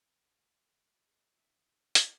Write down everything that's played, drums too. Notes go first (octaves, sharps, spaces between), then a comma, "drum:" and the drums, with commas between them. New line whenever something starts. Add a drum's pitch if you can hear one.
D3
D#3 A3
D#3 G#3
D#4 E5
drum: hi-hat